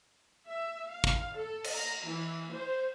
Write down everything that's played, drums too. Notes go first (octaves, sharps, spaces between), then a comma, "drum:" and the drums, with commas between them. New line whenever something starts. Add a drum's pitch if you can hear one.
E5
F5
drum: kick
A4
drum: cymbal
A#5
E3
C5